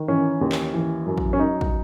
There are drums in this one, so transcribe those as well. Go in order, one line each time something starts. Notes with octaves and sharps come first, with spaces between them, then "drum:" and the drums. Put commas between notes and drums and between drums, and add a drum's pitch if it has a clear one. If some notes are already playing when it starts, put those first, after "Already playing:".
Already playing: D#3
E3 C#4
D#2
drum: clap
E3
F#2
drum: kick
C#4
F#2 D#4
drum: kick